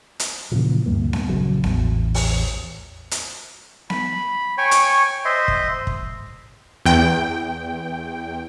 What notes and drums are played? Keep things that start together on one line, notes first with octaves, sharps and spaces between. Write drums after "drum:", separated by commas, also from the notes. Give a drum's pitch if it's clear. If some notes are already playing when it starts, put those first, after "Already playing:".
drum: hi-hat
A#2 C#3 E3 F3
D2 G2 G3 A#3
drum: snare B3
A#1 C#3 F#3
A1 E2, drum: snare B3
drum: open hi-hat
drum: hi-hat
B5, drum: snare B3
C#5 G5 G#5 C#6
drum: hi-hat
C5 D#5 E5 C6
drum: kick
drum: kick
E2 G5